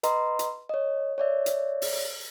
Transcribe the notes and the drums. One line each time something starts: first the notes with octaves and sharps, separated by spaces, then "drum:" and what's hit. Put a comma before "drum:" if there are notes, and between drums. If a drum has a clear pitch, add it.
B4 D#5 A#5 C6, drum: hi-hat
drum: hi-hat
C#5 D#5
C#5 D5 E5
drum: hi-hat
drum: open hi-hat